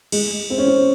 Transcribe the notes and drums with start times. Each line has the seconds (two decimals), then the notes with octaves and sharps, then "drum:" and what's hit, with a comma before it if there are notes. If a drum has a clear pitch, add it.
0.12 G#3, drum: cymbal
0.50 C4
0.58 C#4
0.67 C4